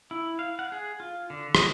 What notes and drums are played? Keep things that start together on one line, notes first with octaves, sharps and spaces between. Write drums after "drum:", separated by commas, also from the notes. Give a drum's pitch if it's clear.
E4
F5
F#5
G#4
F4
D3
D#5, drum: rim click